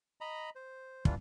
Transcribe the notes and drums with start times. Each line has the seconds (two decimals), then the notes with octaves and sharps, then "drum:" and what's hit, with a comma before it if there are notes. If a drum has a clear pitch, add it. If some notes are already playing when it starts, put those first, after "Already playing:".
0.21 D#5 A#5 B5
0.55 C5
1.05 E3 G3 D4 F4, drum: kick